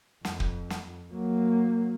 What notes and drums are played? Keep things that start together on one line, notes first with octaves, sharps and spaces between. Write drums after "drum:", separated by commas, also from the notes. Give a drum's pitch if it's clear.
F2, drum: snare
drum: kick
drum: snare
F#3 A#3